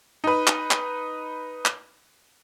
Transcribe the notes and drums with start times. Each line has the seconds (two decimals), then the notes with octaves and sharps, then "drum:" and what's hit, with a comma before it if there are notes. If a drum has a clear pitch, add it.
0.24 D#4 B4
0.47 drum: clap
0.71 drum: clap
1.66 drum: clap